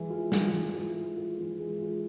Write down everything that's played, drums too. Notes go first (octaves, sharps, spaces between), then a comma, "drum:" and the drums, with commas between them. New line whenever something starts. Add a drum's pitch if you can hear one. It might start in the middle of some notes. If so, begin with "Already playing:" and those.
Already playing: E3 G#3
F4
F4, drum: snare
E3
F4
G#3
F4
E3
G#3
F4